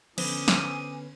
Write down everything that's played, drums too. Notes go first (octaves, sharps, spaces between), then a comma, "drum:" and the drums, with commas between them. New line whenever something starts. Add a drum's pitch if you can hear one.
D3 F3 B3 C#4 B4 C5 D6 D#6, drum: cymbal
drum: snare